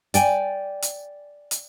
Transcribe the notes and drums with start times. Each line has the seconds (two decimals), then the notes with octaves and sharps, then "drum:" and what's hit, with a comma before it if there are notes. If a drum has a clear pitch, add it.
0.14 D5 G5 G#5, drum: hi-hat
0.82 drum: hi-hat
1.51 drum: hi-hat